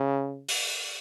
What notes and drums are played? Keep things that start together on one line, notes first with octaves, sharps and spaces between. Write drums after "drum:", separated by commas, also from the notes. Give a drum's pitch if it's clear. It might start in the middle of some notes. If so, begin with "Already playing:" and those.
Already playing: C#3
drum: open hi-hat